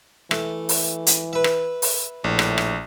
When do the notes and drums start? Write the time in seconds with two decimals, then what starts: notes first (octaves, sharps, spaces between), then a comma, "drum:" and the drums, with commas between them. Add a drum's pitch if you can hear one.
0.31 E3 A3, drum: rim click
0.69 drum: open hi-hat
1.07 drum: hi-hat
1.33 B4 E5
1.44 drum: rim click
1.82 drum: open hi-hat
2.24 A#1 A2
2.39 drum: rim click
2.58 drum: rim click